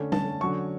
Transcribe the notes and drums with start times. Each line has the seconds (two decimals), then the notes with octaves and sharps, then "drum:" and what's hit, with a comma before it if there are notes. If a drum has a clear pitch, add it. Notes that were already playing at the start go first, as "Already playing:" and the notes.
Already playing: D3 A3 C#4
0.12 D3 A3 C#4 A5, drum: tom G3
0.40 D3 F#3 C#4 C#6